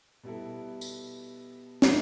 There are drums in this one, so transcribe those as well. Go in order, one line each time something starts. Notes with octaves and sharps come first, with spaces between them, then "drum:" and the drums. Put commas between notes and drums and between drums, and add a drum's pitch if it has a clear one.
B2 G3 B3 E4 A4
drum: tambourine
B2 G3 B3 E4 G4, drum: snare